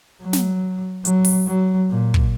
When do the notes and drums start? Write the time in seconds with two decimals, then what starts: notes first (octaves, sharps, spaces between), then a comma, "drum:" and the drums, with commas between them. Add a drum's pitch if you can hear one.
0.21 F#3
0.33 drum: snare
1.05 F#3, drum: hi-hat
1.25 drum: open hi-hat
1.47 F#3
1.90 A#2
2.14 drum: kick